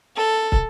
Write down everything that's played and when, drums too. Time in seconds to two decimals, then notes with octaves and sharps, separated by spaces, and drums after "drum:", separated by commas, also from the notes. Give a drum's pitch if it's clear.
0.17 A4
0.52 drum: kick